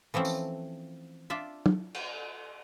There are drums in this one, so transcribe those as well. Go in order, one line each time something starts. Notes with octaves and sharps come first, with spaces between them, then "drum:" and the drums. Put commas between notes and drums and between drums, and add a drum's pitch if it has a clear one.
E3 F3 A3 C4 C#4
drum: tambourine
D4 F4 D5 E5
drum: tom
drum: cymbal